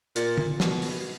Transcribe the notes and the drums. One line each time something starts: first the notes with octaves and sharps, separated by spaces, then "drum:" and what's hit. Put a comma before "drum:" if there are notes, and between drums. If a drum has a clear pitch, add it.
A#2, drum: hi-hat
drum: tom
B2, drum: snare
drum: open hi-hat